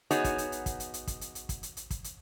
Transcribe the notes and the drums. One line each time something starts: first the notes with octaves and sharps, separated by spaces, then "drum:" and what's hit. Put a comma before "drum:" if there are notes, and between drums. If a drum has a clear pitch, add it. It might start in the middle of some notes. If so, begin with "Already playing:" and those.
B3 D#4 F#4 G#4 C#5, drum: hi-hat
drum: kick, hi-hat
drum: hi-hat
drum: hi-hat
drum: kick, hi-hat
drum: hi-hat
drum: hi-hat
drum: kick, hi-hat
drum: hi-hat
drum: hi-hat
drum: kick, hi-hat
drum: hi-hat
drum: hi-hat
drum: kick, hi-hat
drum: hi-hat